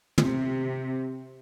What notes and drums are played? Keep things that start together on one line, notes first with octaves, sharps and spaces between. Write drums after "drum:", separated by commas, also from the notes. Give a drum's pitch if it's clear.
C3, drum: tom